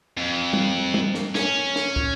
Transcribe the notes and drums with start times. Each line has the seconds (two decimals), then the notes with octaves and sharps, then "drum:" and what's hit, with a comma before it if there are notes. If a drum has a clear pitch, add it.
0.17 F2
0.53 drum: tom G3
0.94 drum: tom G3
1.15 drum: snare
1.35 C#4, drum: snare
1.76 drum: snare
1.96 drum: kick